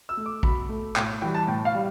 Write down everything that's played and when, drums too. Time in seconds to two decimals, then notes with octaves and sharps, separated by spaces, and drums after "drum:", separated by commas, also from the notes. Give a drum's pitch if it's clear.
0.09 E6
0.17 A3
0.26 D6
0.43 B2 B5, drum: kick
0.69 A3
0.96 A2 G5, drum: clap
1.22 E3 G3 G5
1.35 A5
1.47 A2 G5
1.65 F5
1.75 G3